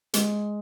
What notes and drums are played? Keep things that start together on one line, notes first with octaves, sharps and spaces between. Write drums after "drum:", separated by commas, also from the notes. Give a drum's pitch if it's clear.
G#3, drum: hi-hat